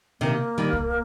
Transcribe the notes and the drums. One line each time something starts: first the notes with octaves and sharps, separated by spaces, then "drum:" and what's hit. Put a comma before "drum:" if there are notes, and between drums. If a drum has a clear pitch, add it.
C3 D#3 A#3
D#3 G3
drum: kick C2